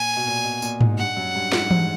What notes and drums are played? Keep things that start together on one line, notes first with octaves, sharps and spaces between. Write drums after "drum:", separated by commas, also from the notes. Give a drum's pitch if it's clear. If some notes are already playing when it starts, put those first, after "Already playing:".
Already playing: A#2 G#5
B2
A#2
B2
A#2, drum: tambourine
G#2, drum: tom G#2
G2 F#5
F#2
G2
G#2, drum: snare
G#2, drum: tom E3